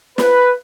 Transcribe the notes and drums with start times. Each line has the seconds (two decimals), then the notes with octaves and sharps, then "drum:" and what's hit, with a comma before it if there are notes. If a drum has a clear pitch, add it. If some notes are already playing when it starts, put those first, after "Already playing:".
0.18 B4, drum: snare